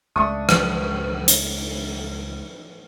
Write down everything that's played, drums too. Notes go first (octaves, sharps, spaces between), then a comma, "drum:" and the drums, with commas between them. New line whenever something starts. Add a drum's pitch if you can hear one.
C#2 A3 D4 C#6 D#6
drum: rim click
drum: hi-hat